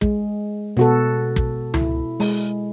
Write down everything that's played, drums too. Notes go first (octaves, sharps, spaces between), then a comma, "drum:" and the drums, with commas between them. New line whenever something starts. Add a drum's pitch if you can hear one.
G#3, drum: kick
B2 F#4 A4
drum: kick
E4, drum: tom C#2
G#3, drum: open hi-hat